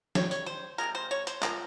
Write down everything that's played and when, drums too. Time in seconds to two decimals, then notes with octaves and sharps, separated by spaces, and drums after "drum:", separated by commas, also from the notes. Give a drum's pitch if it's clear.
0.15 D#3 G3 C#5, drum: snare
0.31 C#5, drum: tambourine
0.46 C5
0.78 C3 F3 G#3 A#4
0.95 C5
1.11 C#5
1.27 C5, drum: hi-hat
1.43 C#3 F3 A#3 A#4, drum: clap